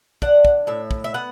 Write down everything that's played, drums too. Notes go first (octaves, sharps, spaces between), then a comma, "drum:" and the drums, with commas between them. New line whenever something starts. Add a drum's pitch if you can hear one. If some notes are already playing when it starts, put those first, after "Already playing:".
D4 F#5, drum: kick
drum: kick
A2 E5
drum: kick
E5
B3 F#5